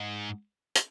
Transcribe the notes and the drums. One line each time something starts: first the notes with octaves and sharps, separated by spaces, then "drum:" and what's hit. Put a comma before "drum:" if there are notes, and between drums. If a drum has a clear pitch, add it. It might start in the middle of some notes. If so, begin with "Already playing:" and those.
Already playing: G#2
drum: hi-hat